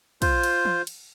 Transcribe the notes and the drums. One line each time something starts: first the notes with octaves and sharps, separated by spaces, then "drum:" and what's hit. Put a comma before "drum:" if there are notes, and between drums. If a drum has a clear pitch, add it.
F4 C5, drum: kick, cymbal
drum: cymbal
drum: tom
drum: cymbal